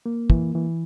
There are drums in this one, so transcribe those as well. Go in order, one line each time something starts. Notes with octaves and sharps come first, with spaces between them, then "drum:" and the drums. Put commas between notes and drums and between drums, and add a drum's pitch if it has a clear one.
A#3
E3, drum: kick
E3